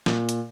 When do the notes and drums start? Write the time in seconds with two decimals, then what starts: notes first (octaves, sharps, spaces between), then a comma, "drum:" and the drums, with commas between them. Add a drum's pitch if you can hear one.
0.06 A#2, drum: snare
0.29 drum: hi-hat